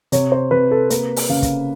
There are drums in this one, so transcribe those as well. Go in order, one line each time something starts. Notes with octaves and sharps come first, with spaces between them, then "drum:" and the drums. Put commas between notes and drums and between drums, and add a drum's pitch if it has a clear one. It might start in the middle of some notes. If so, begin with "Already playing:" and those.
C3 C#5, drum: hi-hat
C5
C3 B4
A4
A#3 B4, drum: hi-hat
drum: open hi-hat
C#3 F5
drum: kick, hi-hat